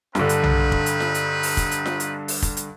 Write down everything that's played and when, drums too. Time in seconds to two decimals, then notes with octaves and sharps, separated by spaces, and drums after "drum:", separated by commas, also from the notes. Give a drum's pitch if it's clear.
0.15 G2 D3 C4 D#4 B4, drum: snare F4
0.29 drum: hi-hat
0.43 drum: tom B1
0.72 drum: kick
0.86 drum: hi-hat
1.00 drum: snare F4
1.15 drum: hi-hat
1.43 drum: open hi-hat
1.57 drum: kick, hi-hat
1.71 drum: hi-hat
1.86 drum: snare F4
2.00 drum: hi-hat
2.28 drum: open hi-hat
2.42 drum: kick, hi-hat
2.57 drum: hi-hat